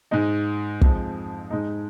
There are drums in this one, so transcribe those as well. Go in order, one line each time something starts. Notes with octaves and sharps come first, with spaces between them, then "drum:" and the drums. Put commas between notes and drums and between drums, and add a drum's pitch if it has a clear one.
G#2 G#3 D#4
F2 F3 G#3, drum: kick
G#2 G#3 D#4